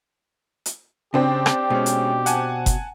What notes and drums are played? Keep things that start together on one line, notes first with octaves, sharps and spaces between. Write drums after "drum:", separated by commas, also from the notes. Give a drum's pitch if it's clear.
drum: hi-hat
C#3 C4 D4 G4
drum: rim click
B2 G#3 C#4
drum: hi-hat
F#5 G#5 A5, drum: hi-hat
drum: kick F#1, hi-hat